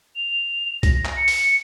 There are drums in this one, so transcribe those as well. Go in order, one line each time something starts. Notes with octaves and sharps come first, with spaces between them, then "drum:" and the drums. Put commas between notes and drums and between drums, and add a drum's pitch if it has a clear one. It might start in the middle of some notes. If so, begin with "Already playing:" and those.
F7
A#6, drum: kick C2, hi-hat
drum: clap
C#7
drum: open hi-hat